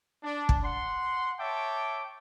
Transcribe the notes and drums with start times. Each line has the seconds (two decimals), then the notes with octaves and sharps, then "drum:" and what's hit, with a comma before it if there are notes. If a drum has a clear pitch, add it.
0.24 D4
0.49 drum: kick
0.64 F#5 C6
1.39 C#5 E5 G5 A5 D6